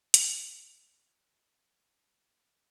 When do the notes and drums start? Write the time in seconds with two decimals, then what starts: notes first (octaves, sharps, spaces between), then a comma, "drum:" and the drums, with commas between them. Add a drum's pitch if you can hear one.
0.14 C#5 A#5, drum: hi-hat